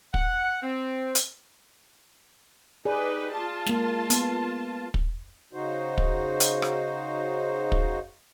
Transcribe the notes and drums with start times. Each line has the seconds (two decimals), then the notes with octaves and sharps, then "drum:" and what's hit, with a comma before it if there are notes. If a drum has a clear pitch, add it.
0.14 F#5, drum: kick
0.61 C4
1.15 drum: hi-hat
2.85 D#4 G4 G#4 B4 D5
3.33 F4 A5
3.66 G#3 A#3, drum: snare
4.10 B3, drum: hi-hat
4.94 drum: kick
5.53 C#3 D#4 F#4 C5
5.98 drum: kick
6.40 drum: hi-hat
6.62 drum: rim click
7.72 drum: kick